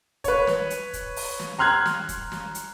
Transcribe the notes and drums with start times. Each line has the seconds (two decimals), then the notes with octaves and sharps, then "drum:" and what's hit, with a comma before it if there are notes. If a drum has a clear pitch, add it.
0.24 B4 C#5, drum: kick, hi-hat
0.47 drum: snare
0.70 drum: hi-hat
0.93 drum: kick, hi-hat
1.16 drum: open hi-hat
1.39 drum: snare
1.59 A#5 C6 F6 F#6 G#6
1.86 drum: snare
2.09 drum: kick, hi-hat
2.32 drum: snare
2.55 drum: hi-hat